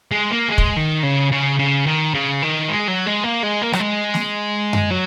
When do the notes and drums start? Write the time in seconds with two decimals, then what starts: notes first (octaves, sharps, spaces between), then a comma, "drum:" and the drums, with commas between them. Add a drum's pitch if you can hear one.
0.11 G#3
0.31 A#3
0.49 G#3
0.58 drum: kick
0.77 D#3
1.03 C#3
1.32 C#3
1.59 C#3
1.86 D#3
2.14 C#3
2.42 D#3
2.69 G#3
2.88 F#3
3.07 G#3
3.24 A#3
3.43 G#3
3.62 A#3
3.73 F#3, drum: rim click
3.80 G#3
4.14 drum: snare
4.73 drum: tom F#2
4.91 F#3